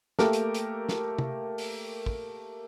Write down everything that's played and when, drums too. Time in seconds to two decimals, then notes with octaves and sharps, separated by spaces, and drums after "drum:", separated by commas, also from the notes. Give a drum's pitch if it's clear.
0.19 A3 A#3 G4 A#4, drum: snare
0.33 drum: hi-hat
0.54 drum: hi-hat
0.89 drum: snare
1.18 drum: tom C3
1.58 drum: open hi-hat
2.06 drum: kick